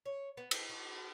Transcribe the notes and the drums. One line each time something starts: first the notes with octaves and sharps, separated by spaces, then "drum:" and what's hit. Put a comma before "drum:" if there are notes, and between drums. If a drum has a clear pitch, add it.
C#5
B3
C4, drum: cymbal
F#4